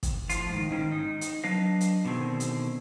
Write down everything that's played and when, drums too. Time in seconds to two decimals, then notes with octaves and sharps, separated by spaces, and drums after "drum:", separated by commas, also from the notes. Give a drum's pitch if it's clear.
0.03 drum: kick, hi-hat
0.30 A2 F3 F4, drum: hi-hat
0.50 G#2 D#3
0.71 G#2 D#3 C#4
0.92 D#4
1.21 drum: hi-hat
1.44 F#3 D4 B4 D#5 F5
1.81 drum: hi-hat
2.05 B2 D3 D#3 C4 G#4
2.40 drum: hi-hat